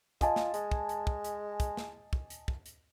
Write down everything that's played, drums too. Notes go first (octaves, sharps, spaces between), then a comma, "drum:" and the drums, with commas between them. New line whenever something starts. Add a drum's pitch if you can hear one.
F4 D#5 G#5 A5, drum: kick, hi-hat
drum: snare
G#3, drum: hi-hat
drum: kick
drum: hi-hat
drum: kick
drum: hi-hat
drum: kick, hi-hat
drum: snare
drum: kick
drum: hi-hat
drum: kick
drum: hi-hat